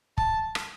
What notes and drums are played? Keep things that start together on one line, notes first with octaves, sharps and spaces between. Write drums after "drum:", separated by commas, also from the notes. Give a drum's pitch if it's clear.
A5, drum: kick
drum: rim click